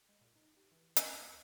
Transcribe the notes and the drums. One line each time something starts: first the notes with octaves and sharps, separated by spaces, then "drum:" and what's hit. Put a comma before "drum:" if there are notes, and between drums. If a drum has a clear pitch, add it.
G#3
A#2
D#4
G4
E3
E3, drum: hi-hat
D#2